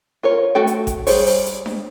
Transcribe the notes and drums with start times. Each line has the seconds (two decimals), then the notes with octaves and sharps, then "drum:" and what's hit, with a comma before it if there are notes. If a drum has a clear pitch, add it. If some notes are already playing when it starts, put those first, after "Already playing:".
0.23 F4 A#4 C#5
0.55 A3 F#4 A4 G5
0.67 drum: hi-hat
0.87 drum: kick G#1, hi-hat
1.07 G3 G#4 C5 C#5, drum: open hi-hat
1.26 drum: open hi-hat
1.46 drum: hi-hat
1.66 drum: snare D4